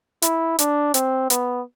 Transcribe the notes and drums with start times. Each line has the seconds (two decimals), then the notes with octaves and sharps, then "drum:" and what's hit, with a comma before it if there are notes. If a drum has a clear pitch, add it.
0.22 E4, drum: hi-hat
0.59 D4, drum: hi-hat
0.94 C4, drum: hi-hat
1.30 B3, drum: hi-hat